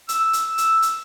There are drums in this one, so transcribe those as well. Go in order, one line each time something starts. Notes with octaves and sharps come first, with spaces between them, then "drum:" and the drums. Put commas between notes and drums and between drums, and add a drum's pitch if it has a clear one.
E6, drum: hi-hat
drum: hi-hat
drum: hi-hat
drum: hi-hat